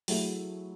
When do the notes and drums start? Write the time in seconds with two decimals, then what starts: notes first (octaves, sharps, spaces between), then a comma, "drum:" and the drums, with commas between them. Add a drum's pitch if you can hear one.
0.08 F#3 A3 E4 G#4, drum: open hi-hat